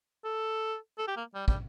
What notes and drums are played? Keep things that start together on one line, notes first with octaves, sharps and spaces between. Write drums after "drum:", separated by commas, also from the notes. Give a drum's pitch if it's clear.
A4
A4
G4
A#3
G3
G3, drum: kick